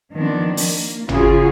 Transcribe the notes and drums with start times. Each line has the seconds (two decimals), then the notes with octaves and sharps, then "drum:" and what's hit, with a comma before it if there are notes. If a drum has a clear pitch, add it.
0.14 D#3 F3 B3 C4 D4
0.57 A#3, drum: open hi-hat
1.09 C#3 F4 F#4 G#4, drum: tom